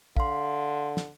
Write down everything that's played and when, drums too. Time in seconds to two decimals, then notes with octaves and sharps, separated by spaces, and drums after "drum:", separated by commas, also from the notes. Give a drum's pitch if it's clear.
0.17 D3 F5 C6, drum: kick
0.97 drum: snare